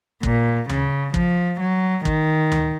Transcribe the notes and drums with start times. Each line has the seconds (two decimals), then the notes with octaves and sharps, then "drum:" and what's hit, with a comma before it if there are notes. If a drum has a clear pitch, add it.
0.23 A#2, drum: kick
0.69 C#3, drum: tom D2
1.14 F3, drum: kick
1.60 F#3
2.05 D#3, drum: kick
2.52 drum: tom D2